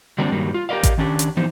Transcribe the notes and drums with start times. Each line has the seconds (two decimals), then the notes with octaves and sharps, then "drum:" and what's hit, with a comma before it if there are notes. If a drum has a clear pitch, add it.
0.18 D3 F#3 G3 A#3 C4 D4
0.31 G2 D#3 F#3 G3 A#3
0.54 F4
0.69 G4 A#4 C5 D5 D#5 F5
0.83 drum: kick A1, hi-hat
0.98 D#3 C#4 D4 G4
1.19 drum: hi-hat
1.37 E3 F3 B3 D#4 C5